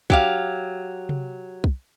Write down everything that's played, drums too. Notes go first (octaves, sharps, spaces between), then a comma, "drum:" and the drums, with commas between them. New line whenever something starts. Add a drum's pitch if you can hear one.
F#3 G4 F5, drum: kick
drum: tom C3
drum: kick